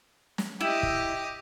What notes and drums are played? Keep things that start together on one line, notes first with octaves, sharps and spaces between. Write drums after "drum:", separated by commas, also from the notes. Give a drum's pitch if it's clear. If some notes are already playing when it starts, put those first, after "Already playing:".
drum: snare
E4 G4 D#5
drum: kick